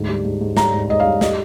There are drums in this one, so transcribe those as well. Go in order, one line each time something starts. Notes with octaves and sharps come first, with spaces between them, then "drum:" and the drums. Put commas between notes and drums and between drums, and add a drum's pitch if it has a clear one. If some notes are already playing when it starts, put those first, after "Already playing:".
Already playing: D2 G#2
G3
G#2
G#2
G3 A#5, drum: snare
G#2
G#2 D#5
F5
G3
G3 D#5, drum: snare